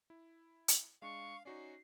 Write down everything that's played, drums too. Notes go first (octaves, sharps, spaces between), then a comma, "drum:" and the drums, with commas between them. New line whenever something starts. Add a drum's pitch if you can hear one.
E4
drum: hi-hat
G#3 D4 F5 C#6
C#4 D#4 F#4 D5 C7